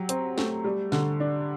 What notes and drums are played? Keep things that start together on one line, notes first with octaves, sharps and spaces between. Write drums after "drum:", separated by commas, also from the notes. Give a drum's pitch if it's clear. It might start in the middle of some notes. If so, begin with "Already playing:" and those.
Already playing: F#3 G4
C4, drum: hi-hat
A3, drum: snare
G3
D3, drum: snare
D4